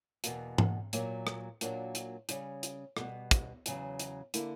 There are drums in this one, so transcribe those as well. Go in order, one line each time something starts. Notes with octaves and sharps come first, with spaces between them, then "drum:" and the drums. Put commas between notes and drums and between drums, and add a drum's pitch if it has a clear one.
E2 B2 A#3, drum: hi-hat
drum: tom G#2
A#2 F#3 A#3, drum: hi-hat
drum: rim click
A#2 F#3 A#3 D4 F#4, drum: hi-hat
drum: hi-hat
C#3 G3 C#4, drum: hi-hat
drum: hi-hat
B2 G3 B3, drum: rim click
drum: kick, hi-hat
E2 C#3 F#3, drum: hi-hat
drum: hi-hat
D3 A#3 E4, drum: hi-hat